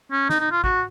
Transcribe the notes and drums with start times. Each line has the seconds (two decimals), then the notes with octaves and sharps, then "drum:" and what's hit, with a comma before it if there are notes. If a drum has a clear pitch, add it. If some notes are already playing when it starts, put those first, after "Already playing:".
0.12 C#4
0.29 D#4, drum: snare
0.40 D#4
0.52 F4
0.64 F#4, drum: kick